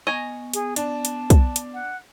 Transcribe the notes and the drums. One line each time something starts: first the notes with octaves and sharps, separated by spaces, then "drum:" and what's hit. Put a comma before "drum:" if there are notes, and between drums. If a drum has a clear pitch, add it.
B3 D#5 G#5 A#5 C#6
G#4, drum: hi-hat
D4 A5, drum: hi-hat
drum: hi-hat
drum: kick, hi-hat
drum: hi-hat
F#5